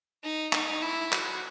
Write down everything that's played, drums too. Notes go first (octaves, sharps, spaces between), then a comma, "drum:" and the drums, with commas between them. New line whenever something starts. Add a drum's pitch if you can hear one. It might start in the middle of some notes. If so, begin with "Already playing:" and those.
D#4
D#4, drum: clap
E4
F#4, drum: clap